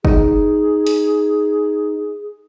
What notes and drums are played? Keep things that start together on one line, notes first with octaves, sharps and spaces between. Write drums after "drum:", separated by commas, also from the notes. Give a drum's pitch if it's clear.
D#4 G#4, drum: kick
drum: hi-hat